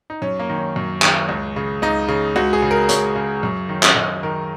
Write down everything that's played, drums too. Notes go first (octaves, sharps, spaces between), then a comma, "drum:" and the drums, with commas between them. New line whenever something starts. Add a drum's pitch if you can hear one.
D#4
F#2 C#4
A#3
D#3
C#4
F#2
D#3, drum: clap
C#2
C#3
C#2 D#4
C#3
C#2 F#4
G#4
C#3
A#4
C#2 C#5, drum: hi-hat
C#3
F#2
D#3
drum: clap
F#2 D#5
D#3 A#4